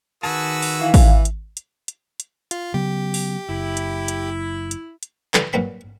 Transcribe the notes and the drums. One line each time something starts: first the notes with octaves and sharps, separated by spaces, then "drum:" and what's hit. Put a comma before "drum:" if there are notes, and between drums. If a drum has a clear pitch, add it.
D#3 F#4 G#4 B4 A5 E6
drum: open hi-hat
E3 F5
drum: kick, open hi-hat
drum: hi-hat
drum: hi-hat
drum: hi-hat
drum: hi-hat
F4, drum: hi-hat
C#3 F#3 B3 G4
drum: open hi-hat
F#1 E4
drum: hi-hat
drum: hi-hat
drum: hi-hat
drum: hi-hat
D3 E3 G3, drum: clap
G2 A#2 F#3 C4 B5